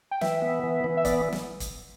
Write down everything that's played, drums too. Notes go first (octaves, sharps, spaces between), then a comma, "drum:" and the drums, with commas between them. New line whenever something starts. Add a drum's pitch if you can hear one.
G5
E3 E5, drum: snare
B3
E3
E3
E5
B3 D5, drum: kick, hi-hat
drum: snare
drum: kick, hi-hat